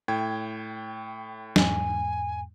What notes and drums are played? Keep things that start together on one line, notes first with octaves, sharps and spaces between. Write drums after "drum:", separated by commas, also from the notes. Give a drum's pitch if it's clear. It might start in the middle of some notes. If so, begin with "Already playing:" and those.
A2 G5 G#6
E2 G#2 G#5, drum: snare